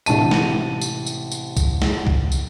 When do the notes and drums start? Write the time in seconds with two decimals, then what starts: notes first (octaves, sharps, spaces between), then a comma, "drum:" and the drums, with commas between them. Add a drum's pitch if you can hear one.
0.06 A1 C3 A5 D#7, drum: tambourine
0.31 drum: snare
0.81 drum: tambourine
1.07 drum: tambourine
1.32 drum: tambourine
1.57 drum: kick C2, tambourine
1.82 drum: snare
2.07 drum: kick C2
2.32 drum: tambourine